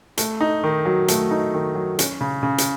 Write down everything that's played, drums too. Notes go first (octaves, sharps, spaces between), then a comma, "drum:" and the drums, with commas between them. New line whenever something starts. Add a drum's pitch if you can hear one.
A3, drum: hi-hat
D#4
D#3
F#3
A3, drum: hi-hat
D#4
D#3
F#3
C#4, drum: hi-hat
C#3
C#3
drum: hi-hat